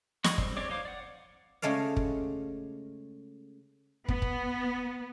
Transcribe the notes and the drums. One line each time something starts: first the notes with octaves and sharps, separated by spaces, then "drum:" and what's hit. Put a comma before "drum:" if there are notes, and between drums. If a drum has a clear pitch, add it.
F3 G#4 D#5 B5 C#6, drum: snare
G3 C4, drum: kick
G#3 C4 C#5 D5 D6
D#4 C5 C#5 F5 D6
D5 F#5
C#3 G#3 A3 D5 F5
drum: kick
B3, drum: kick
drum: kick